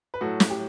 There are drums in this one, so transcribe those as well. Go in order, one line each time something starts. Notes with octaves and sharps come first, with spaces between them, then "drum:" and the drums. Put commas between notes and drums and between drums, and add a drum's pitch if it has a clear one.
B4
A2 F#3 F#4 A4
drum: snare
G4